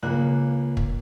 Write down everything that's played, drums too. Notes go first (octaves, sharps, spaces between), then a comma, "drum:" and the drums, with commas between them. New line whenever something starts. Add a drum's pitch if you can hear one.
C#2 A#3 F#6
drum: kick